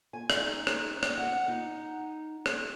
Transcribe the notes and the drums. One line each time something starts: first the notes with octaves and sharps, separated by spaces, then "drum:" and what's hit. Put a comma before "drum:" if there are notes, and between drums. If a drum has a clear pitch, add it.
G#5
D#4, drum: rim click
drum: rim click
drum: rim click
F#5
D#4
drum: rim click